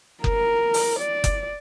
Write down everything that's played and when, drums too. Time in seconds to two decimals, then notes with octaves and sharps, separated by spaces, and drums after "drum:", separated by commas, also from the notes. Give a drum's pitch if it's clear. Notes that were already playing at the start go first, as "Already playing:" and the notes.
0.24 A#4, drum: kick F#1
0.74 drum: open hi-hat
1.00 D5
1.24 drum: kick F#1, hi-hat